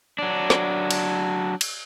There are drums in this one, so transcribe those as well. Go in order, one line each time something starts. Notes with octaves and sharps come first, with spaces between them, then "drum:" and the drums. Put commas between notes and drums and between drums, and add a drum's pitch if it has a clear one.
F#3 D4
drum: snare
drum: cymbal
drum: cymbal